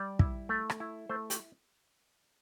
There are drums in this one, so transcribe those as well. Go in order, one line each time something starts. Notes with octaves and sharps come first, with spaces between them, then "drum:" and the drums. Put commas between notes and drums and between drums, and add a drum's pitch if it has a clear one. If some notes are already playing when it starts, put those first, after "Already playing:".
Already playing: G3 D5
E4, drum: kick
A3
drum: rim click
E4
A3 C5
G4, drum: hi-hat